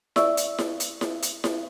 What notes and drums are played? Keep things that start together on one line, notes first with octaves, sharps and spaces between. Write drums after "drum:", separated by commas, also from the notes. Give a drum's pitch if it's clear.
D5 E5 C#6 E6, drum: snare E4
drum: hi-hat
drum: snare E4
drum: hi-hat
drum: snare E4
drum: hi-hat
drum: snare E4